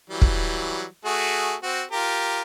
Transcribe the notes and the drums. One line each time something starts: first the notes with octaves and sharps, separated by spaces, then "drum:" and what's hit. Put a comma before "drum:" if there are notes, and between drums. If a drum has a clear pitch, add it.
E3 F#3 G3
drum: kick
A3 F#4 G#4
C4 F#4
F4 G4 A#4